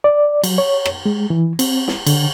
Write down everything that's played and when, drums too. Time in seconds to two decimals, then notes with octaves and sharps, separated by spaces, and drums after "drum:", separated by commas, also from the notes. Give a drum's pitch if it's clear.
0.04 D5
0.44 F#3, drum: cymbal
0.58 C#5
0.86 drum: rim click
1.06 G#3
1.30 E3
1.59 C4, drum: cymbal
1.88 drum: snare
2.06 D3, drum: cymbal